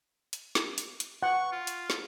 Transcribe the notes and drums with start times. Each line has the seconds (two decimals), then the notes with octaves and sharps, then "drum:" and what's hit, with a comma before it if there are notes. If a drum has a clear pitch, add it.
0.33 drum: hi-hat
0.55 drum: snare
0.78 drum: hi-hat
1.00 drum: hi-hat
1.23 F#5 C#6
1.52 F4
1.67 drum: hi-hat
1.90 drum: snare